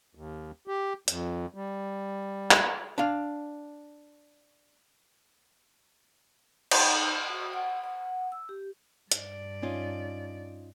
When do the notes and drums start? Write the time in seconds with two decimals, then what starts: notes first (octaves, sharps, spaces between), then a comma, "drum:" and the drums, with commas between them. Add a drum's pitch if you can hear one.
0.15 D#2
0.68 G4
1.08 F2, drum: hi-hat
1.55 G3
2.51 drum: clap
2.98 D4 F5
6.71 D#4, drum: cymbal
7.30 F#4
7.53 F#5
7.84 F#5
8.32 E6
8.49 G4
9.12 G2 D5, drum: hi-hat
9.62 C#4 D#4 F4